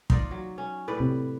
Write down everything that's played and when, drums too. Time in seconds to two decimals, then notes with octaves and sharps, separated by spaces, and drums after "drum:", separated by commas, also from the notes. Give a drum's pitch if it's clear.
0.10 D#4 F4 D5, drum: kick
0.31 F#3
0.58 C#4
0.88 A2 B4 D5
1.00 C3